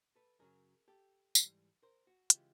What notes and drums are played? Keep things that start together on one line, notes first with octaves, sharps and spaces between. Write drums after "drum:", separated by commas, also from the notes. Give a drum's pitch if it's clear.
A4 B4
F#2 C#3 F#3 G#4 A#4
G4 A4
G#2 E3 G3, drum: tambourine
A#4 C5
F#4
C#3 E3 G#3 F4 G4, drum: hi-hat